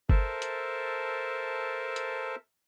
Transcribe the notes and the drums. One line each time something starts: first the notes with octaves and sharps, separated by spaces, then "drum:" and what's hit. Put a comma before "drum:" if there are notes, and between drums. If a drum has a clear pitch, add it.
A4 A#4 C5 E5 A5, drum: kick G1
drum: hi-hat
drum: hi-hat